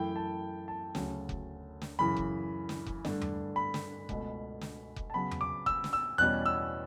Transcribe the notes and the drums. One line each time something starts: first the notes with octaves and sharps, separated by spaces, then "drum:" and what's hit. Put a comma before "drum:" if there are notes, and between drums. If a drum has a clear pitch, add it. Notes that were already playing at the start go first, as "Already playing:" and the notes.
Already playing: F#2 E3 A3 E4 G5
A5
A5
D2 C#3 F#3 C#4, drum: snare
drum: kick F1
drum: snare
F#2 C#3 E3 B5
drum: kick F1
drum: snare
drum: kick F1
G2 D3 A3 D4, drum: snare
drum: tom E2
B5
drum: snare
C#2 B2 A3, drum: kick F1
drum: snare
drum: kick F1
A5
C#3 F#3 B3 B5
drum: tom E2
D6
E6, drum: kick F1
drum: snare
E6
E2 B2 G3 C#4 F#6
E6